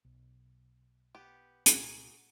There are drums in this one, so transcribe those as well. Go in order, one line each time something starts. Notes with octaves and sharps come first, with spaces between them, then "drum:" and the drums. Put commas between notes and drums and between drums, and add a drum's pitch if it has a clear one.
B1
B3 G4
C2 A#2 F#4 G#4 A#4, drum: hi-hat